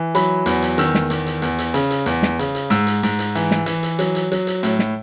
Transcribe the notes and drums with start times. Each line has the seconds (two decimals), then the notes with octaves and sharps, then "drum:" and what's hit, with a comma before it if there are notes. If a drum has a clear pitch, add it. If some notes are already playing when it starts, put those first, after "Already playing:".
Already playing: E3
0.15 F#3 B5, drum: hi-hat
0.46 E2, drum: hi-hat
0.62 drum: hi-hat
0.78 D#3 E6, drum: hi-hat
0.94 drum: snare
1.10 E2, drum: hi-hat
1.27 drum: hi-hat
1.42 E2, drum: hi-hat
1.59 drum: hi-hat
1.74 C#3, drum: hi-hat
1.91 drum: hi-hat
2.06 E2, drum: hi-hat
2.23 drum: snare
2.39 C#3, drum: hi-hat
2.55 drum: hi-hat
2.70 G#2 E6, drum: hi-hat
2.87 drum: hi-hat
3.03 G#2, drum: hi-hat
3.19 drum: hi-hat
3.35 E3, drum: hi-hat
3.51 drum: snare
3.66 E3, drum: hi-hat
3.83 drum: hi-hat
3.99 F#3, drum: hi-hat
4.15 drum: hi-hat
4.32 F#3, drum: hi-hat
4.47 drum: hi-hat
4.63 A2, drum: hi-hat
4.79 drum: snare